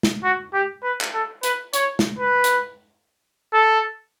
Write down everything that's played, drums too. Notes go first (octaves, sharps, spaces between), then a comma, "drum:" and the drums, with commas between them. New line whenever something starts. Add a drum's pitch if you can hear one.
drum: snare
F#4
G4
B4
drum: clap
A4
B4, drum: hi-hat
C#5, drum: hi-hat
drum: snare
B4
drum: hi-hat
A4